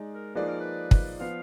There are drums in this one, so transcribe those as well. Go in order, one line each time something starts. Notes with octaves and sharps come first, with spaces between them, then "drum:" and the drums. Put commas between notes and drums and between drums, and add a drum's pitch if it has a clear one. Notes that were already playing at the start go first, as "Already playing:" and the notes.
Already playing: G#3 D#4 D5
A#4
F3 A#3 D#4 G#4 B4 D5
A#4
B4
drum: kick
F3 B3 F5